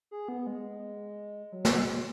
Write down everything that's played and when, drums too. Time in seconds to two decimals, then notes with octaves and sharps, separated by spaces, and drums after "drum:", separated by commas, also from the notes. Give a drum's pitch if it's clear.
0.11 G#4
0.28 B3
0.47 G#3
1.52 F#3
1.65 drum: snare
1.80 G#3